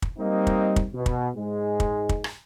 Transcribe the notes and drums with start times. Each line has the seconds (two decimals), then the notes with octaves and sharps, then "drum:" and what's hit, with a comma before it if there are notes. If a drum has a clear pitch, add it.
0.02 drum: kick
0.18 G3 A#3 C4 D#4 D#5
0.47 drum: kick
0.76 drum: kick
0.94 B2
1.06 drum: kick
1.35 G#2 G#3
1.80 drum: kick
2.09 drum: kick
2.24 drum: rim click